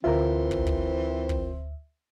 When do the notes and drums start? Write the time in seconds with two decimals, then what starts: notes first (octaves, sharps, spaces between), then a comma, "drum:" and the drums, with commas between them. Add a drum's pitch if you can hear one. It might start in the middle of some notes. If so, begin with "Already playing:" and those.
0.04 D2 E3 C4 F4 A#4 C5 E5
0.51 drum: kick
0.67 drum: kick
1.29 drum: kick